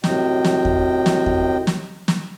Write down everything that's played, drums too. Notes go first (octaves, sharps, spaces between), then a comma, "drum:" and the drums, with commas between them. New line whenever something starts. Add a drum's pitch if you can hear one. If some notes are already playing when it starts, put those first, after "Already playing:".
F#2 A2 C3 D#5 G5, drum: snare
drum: snare
drum: kick E2
drum: snare
drum: kick E2
drum: snare
drum: snare